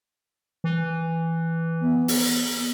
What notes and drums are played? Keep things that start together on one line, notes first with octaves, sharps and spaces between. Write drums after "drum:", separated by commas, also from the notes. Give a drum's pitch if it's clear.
E3
B3
drum: open hi-hat